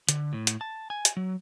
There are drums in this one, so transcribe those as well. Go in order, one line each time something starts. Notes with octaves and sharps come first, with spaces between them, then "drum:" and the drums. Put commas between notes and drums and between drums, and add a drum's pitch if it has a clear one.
D3, drum: hi-hat
A2
drum: hi-hat
A5
G#5
drum: hi-hat
F#3